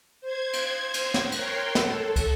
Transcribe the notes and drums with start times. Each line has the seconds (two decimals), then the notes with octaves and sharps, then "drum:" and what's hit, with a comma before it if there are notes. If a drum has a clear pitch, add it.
0.21 C5 G#6
0.53 drum: cymbal
0.94 drum: cymbal
1.14 drum: snare
1.32 A#4 C#5 G5 C6, drum: cymbal
1.75 A4, drum: snare
2.16 drum: kick, cymbal